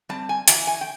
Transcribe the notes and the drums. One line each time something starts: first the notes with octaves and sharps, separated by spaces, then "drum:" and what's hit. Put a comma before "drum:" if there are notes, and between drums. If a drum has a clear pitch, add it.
G3 C4 A5
G#5
E3 G#5, drum: hi-hat
G#5
G5